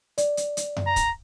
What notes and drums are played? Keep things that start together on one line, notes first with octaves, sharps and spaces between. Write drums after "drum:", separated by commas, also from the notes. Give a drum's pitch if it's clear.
D5, drum: hi-hat
drum: hi-hat
drum: hi-hat
drum: tom F#2
A#5
drum: kick, hi-hat